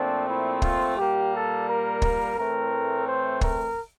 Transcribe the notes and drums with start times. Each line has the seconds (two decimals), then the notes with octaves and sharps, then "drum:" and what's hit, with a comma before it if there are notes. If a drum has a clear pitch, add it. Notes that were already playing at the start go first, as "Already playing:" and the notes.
Already playing: A#2 F3 A3 C4 D4
0.27 E4
0.62 F4, drum: kick
0.97 A#2 G3 A#3 G4
1.32 A4
1.67 A#4
2.02 drum: kick
2.36 A2 E3 A3 C4 A#4
3.06 C5
3.41 A#4, drum: kick